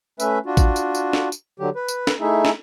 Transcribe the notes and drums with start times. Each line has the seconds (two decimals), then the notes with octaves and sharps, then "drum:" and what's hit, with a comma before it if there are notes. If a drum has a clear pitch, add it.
0.20 A3 C#4 B4 E5, drum: tambourine
0.46 D4 F4 F#4
0.57 drum: kick A1, tambourine
0.76 drum: tambourine
0.95 drum: tambourine
1.13 drum: snare
1.32 drum: tambourine
1.60 D3 F#3 G4
1.76 B4
1.88 drum: tambourine
2.07 drum: snare
2.21 A3 D#4 E4 G#4 E5
2.45 drum: snare